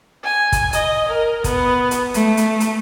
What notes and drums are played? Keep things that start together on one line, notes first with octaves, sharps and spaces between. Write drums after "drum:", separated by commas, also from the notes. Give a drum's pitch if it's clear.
G#5
drum: kick, hi-hat
D#5, drum: hi-hat
A#4
B3, drum: kick, hi-hat
drum: hi-hat
A3, drum: hi-hat
drum: hi-hat
drum: hi-hat